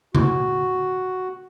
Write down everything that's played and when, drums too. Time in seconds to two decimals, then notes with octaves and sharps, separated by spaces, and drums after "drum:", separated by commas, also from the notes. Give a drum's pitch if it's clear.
0.15 F#4, drum: tom C#3